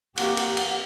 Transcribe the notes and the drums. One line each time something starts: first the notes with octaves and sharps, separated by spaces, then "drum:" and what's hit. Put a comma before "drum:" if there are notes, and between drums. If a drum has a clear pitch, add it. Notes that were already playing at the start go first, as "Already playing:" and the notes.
A#3 G4 F#5, drum: cymbal
drum: cymbal
drum: cymbal